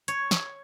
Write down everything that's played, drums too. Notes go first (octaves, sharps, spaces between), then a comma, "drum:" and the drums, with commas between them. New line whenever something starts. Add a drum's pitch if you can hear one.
C#5, drum: hi-hat
drum: snare